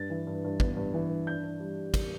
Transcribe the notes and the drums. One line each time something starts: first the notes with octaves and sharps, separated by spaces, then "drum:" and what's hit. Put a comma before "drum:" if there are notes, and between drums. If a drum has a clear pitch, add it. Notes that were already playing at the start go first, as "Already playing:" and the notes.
Already playing: G2 A6
E3
G2
G2
B3, drum: kick
G2
E3
G2
D4 G6
D4
G3
drum: kick, cymbal